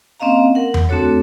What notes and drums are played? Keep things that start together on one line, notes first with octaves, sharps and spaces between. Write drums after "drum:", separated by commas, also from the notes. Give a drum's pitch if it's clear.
A#3 C4 C#4 D#5 F5 A#5
A#4 F#5
drum: tom E2
A3 C4 D4 F#4 A4 C#5